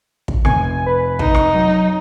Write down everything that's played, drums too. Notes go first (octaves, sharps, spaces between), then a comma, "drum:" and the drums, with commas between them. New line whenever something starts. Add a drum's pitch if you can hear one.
drum: kick
F1 G#5, drum: rim click
B4
D#4, drum: kick
drum: rim click
F#3